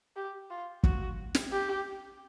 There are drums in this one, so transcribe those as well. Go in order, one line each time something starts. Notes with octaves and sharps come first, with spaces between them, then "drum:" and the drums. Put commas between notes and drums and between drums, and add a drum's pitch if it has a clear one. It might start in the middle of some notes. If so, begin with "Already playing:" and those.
G4
F4
F#4, drum: kick
drum: snare
G4